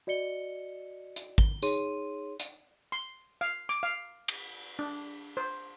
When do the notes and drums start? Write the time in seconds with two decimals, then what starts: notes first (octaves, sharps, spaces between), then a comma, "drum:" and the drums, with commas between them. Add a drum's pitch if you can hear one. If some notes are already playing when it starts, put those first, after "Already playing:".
0.07 F#4 D5 D#5 C#7 G7
1.16 drum: hi-hat
1.38 G7, drum: kick
1.62 D#4 G#4 C#5 C6 D#7, drum: tambourine
2.40 drum: hi-hat
2.92 C6
3.41 F5
3.69 D6
3.83 F5
4.28 drum: cymbal
4.79 D4
5.37 C5